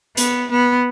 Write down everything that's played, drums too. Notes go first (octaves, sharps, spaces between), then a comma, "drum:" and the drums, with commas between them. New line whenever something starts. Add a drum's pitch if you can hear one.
B3, drum: hi-hat
B3